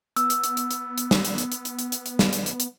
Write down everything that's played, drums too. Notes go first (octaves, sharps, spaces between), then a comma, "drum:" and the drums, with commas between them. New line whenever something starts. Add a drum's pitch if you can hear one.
B3 E6, drum: hi-hat
drum: hi-hat
drum: hi-hat
drum: hi-hat
drum: hi-hat
drum: hi-hat
drum: snare
drum: hi-hat
drum: hi-hat
drum: hi-hat
drum: hi-hat
drum: hi-hat
drum: hi-hat
drum: hi-hat
drum: snare
drum: hi-hat
drum: hi-hat
drum: hi-hat